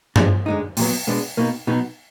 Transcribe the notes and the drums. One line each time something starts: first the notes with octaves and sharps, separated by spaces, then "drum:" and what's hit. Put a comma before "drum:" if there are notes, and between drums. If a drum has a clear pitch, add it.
F3 G#3 D4, drum: tom G2
D3 G#3 D#4
A#2 F#3 B3, drum: open hi-hat
B2 G#3 B3 D4
B2 A#3 D#4
B2 F#3 B3 D#4